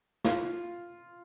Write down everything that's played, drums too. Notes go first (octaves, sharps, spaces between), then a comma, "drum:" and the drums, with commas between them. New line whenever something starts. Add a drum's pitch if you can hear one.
F4, drum: snare